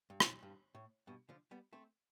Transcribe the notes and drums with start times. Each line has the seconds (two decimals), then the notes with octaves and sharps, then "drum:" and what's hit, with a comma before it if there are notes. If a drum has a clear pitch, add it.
0.10 G2
0.20 drum: rim click
0.43 G2
0.75 A2
1.07 G2 B2
1.29 D3 F3
1.51 G3 B3
1.73 A3 C4